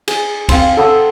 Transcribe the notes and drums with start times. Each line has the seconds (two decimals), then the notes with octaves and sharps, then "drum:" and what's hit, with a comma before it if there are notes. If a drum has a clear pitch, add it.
0.08 G#4, drum: cymbal
0.49 C4 F5, drum: kick, cymbal
0.77 A4 F#5 D#6 E6